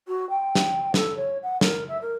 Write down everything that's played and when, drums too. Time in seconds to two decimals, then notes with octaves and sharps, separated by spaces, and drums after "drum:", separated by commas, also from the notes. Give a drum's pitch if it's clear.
0.07 F#4
0.29 G5
0.55 drum: snare
0.94 A4, drum: snare
1.16 C#5
1.42 F#5
1.61 A#4, drum: snare
1.88 E5
2.01 A#4